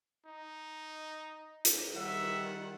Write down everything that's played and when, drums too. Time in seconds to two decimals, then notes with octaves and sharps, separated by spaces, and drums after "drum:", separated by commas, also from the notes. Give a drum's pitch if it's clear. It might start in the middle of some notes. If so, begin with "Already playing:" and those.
0.26 D#4
1.65 drum: hi-hat
1.96 D#3 G3 E5 F#5